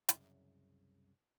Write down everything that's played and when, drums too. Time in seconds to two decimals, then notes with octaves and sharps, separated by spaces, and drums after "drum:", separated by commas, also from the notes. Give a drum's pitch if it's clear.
0.09 C2 F#2 C#3, drum: hi-hat